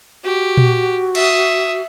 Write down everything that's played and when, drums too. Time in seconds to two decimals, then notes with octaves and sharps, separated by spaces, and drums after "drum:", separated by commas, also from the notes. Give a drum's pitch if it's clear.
0.24 F#4 G4
0.57 drum: tom A#2
1.15 E5 D#6, drum: cymbal